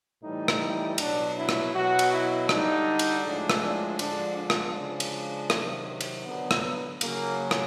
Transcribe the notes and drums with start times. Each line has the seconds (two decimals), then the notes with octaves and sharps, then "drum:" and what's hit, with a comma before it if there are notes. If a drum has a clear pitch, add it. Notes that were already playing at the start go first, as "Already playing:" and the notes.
0.23 A2 E3 G3 D#4
0.48 drum: rim click
0.98 B2 F#3 D4, drum: cymbal
1.37 E4
1.49 drum: rim click
1.73 B2 F#3 F#4
1.99 drum: cymbal
2.12 E4
2.49 D3 G3 D#4, drum: rim click
2.99 drum: cymbal
3.25 A2 F3 G#3 D4
3.50 drum: rim click
3.63 D4
3.99 D3 F3 G#3 D4, drum: cymbal
4.37 D4
4.50 drum: rim click
4.75 C#3 F3 G#3
5.00 drum: cymbal
5.50 C3 D#3 F#3, drum: rim click
6.01 drum: cymbal
6.25 D3 F#3 B3
6.51 drum: rim click
7.01 C#3 F#3 A#3, drum: cymbal
7.51 drum: rim click